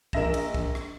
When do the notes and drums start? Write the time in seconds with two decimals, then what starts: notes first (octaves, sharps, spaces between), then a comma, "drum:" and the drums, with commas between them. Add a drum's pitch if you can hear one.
0.13 A#1 A#4 D#5 E5 A#6 E7, drum: kick
0.34 drum: cymbal
0.54 drum: kick
0.75 drum: rim click